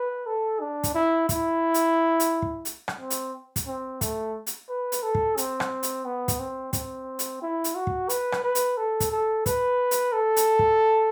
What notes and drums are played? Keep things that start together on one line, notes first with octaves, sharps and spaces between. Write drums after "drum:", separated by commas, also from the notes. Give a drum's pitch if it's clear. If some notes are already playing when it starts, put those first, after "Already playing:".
Already playing: B4
A4
D4
drum: kick, hi-hat
E4
E4, drum: kick, hi-hat
drum: hi-hat
drum: hi-hat
drum: kick
drum: hi-hat
drum: rim click
C4
drum: hi-hat
drum: kick, hi-hat
C4
A3, drum: kick, hi-hat
drum: hi-hat
B4
drum: hi-hat
A4
drum: kick
C4, drum: hi-hat
drum: rim click
drum: hi-hat
B3
drum: kick, hi-hat
C4
C4, drum: kick, hi-hat
drum: hi-hat
E4
drum: hi-hat
F#4
drum: kick
B4, drum: hi-hat
drum: rim click
B4
drum: hi-hat
A4
drum: kick, hi-hat
A4
B4, drum: kick, hi-hat
drum: hi-hat
A4
drum: hi-hat
drum: kick